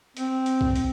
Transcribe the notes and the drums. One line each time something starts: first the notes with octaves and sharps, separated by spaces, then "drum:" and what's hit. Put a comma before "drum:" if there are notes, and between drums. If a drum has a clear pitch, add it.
C4, drum: hi-hat
drum: hi-hat
drum: kick B1
drum: hi-hat